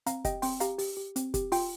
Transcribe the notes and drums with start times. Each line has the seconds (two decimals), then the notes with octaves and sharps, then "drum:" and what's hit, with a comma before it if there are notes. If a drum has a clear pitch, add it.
0.06 C4 F5 A#5, drum: hi-hat
0.25 G4 D#5 G5, drum: kick, hi-hat
0.42 C4 G5 C6, drum: open hi-hat
0.60 G4 F5 A#5, drum: hi-hat
0.79 G4, drum: open hi-hat
0.97 G4
1.16 C4, drum: hi-hat
1.34 G4, drum: kick, hi-hat
1.52 F4 G5 C6, drum: open hi-hat